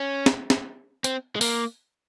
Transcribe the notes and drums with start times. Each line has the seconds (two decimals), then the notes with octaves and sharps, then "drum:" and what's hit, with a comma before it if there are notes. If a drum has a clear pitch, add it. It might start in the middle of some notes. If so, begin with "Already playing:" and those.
Already playing: C#4
0.26 drum: snare
0.50 drum: snare
1.04 C4, drum: hi-hat
1.36 G#3
1.41 A#3, drum: open hi-hat